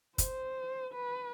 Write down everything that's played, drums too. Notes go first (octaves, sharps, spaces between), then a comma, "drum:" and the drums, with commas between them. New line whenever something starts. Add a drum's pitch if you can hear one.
C5, drum: kick, hi-hat
B4